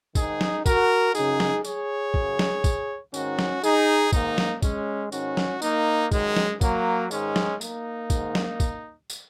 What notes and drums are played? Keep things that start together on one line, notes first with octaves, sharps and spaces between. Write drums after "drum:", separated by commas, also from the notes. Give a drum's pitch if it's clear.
G#2 D#3 D#4 G#4, drum: kick, tambourine
drum: snare
F#4 A#4, drum: kick, tambourine
F#2 C#3 D#4 G#4, drum: tambourine
drum: snare
G#4 C#5, drum: tambourine
F#2 C#3, drum: kick
drum: snare
drum: kick, tambourine
G#2 D#3 C#4 F#4, drum: tambourine
drum: snare
D#4 G#4, drum: tambourine
G#2 D#3 A#3 D#4, drum: kick, tambourine
drum: snare
G#3 C#4, drum: kick, tambourine
G#2 D#3 C#4 F#4, drum: tambourine
drum: snare
A#3 D#4, drum: tambourine
F#2 D#3 G#3, drum: kick, tambourine
drum: snare
F#3 A#3, drum: kick, tambourine
G#2 D#3 G#3 C#4, drum: tambourine
drum: snare
A#3 D#4, drum: tambourine
G#2 D#3, drum: kick, tambourine
drum: snare
drum: kick, tambourine
drum: tambourine